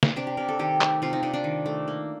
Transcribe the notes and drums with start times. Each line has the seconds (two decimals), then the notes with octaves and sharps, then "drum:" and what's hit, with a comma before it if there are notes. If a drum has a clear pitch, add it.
0.03 drum: snare
0.16 C3 D4
0.27 G4
0.37 C3 A#4
0.49 A4
0.59 D#3 G4
0.81 A3, drum: clap
1.02 C3 F4
1.13 D#4
1.23 C3 D4
1.34 D4
1.44 D#3
1.66 A3
1.88 A#3